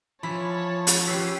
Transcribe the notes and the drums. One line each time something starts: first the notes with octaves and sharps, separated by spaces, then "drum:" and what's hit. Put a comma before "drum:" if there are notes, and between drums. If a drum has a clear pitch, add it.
E3 F3 E4 C#5 A5 B5
drum: hi-hat
C#4 G4 B4 E6 C7